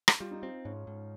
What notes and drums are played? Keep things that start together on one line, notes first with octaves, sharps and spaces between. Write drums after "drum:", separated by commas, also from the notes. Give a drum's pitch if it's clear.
drum: rim click
G3 F4
D#4
C4 F4
G#2 C#4
G#2